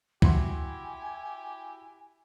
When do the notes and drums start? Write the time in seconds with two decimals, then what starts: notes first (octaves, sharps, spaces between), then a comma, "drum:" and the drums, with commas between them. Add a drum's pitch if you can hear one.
0.22 E4 F#4 G4 G#5 C6, drum: kick C2